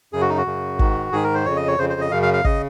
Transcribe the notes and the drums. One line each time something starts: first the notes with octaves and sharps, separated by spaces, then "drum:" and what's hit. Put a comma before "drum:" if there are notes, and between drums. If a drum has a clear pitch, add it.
F#2 C#3 G#4
F#4
D#4
F#4
F#2 C#3
G#2 D#3, drum: kick
G#2 D#3 G#4
A#4
C5
F2 C#3 C#5
D#5
C#5
F2 C#3 C5
C5
D#5
F#2 C#3 F5
F5
F5
C#3 D#5, drum: kick